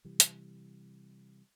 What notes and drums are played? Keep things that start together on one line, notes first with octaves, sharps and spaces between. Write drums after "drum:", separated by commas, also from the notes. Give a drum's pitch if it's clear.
C3 E3 G3
drum: hi-hat